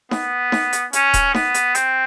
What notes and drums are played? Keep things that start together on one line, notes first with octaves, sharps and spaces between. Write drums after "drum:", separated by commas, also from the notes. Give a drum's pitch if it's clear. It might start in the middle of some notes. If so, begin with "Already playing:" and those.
B3, drum: snare D#4
drum: snare D#4
drum: hi-hat
C#4, drum: hi-hat
drum: kick D#1, hi-hat
B3, drum: snare D#4
drum: hi-hat
C4, drum: hi-hat